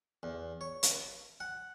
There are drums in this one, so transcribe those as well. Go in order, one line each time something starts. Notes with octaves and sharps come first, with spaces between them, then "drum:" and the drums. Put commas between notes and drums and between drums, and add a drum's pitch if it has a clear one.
E2
C#5
drum: hi-hat
F#5